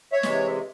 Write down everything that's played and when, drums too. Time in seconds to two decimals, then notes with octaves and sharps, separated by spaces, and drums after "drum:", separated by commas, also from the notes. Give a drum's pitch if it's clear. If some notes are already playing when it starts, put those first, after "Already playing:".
0.12 C#5 E5
0.23 C3 E3 G#3, drum: snare